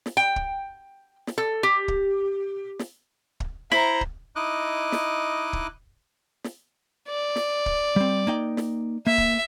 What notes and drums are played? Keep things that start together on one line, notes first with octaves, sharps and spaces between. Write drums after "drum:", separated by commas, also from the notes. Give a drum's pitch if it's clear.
drum: snare
G5
drum: kick
drum: snare
A4
G4
drum: kick
drum: snare
drum: kick
E4 C5 A#5, drum: snare
drum: kick
D#4 E4 D#5 D6 F#6
drum: snare
drum: kick
drum: snare
D5
drum: snare
drum: kick
G3 C4
A#3 D#4 G5
drum: snare
A#3 E5
drum: kick